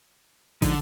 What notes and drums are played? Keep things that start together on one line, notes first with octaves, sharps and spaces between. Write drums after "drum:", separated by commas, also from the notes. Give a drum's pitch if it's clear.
D3 F3 G#3 D#4, drum: kick, open hi-hat